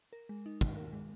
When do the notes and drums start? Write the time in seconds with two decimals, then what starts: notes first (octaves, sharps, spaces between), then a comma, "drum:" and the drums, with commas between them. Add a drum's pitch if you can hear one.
0.13 A#4
0.29 G#3
0.46 D#4
0.61 D#3, drum: kick
0.77 A#4
0.93 G#3